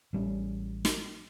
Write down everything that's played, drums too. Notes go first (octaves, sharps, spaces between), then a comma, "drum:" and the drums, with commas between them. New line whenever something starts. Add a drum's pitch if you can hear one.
A1 G3 C#4
drum: snare